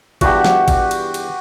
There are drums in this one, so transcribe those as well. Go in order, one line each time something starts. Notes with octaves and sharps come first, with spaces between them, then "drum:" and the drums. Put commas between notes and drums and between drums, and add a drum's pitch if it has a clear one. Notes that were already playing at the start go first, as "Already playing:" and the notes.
E2 G2 F#4 G4, drum: kick G#1, cymbal
drum: snare
drum: kick G#1, cymbal
drum: cymbal
drum: cymbal